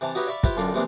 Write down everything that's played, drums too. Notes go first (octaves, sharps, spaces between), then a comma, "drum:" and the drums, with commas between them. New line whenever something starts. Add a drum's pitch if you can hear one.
C3 E3 A5
D#4 F#4 G4 B4 C#5 E5
D5 E5 F5 B5 C#6
E4 F4 G4 B4 C5 E5, drum: kick
B1 F#2 D3 D4 F4
A#1 C3 E3 G#3 D4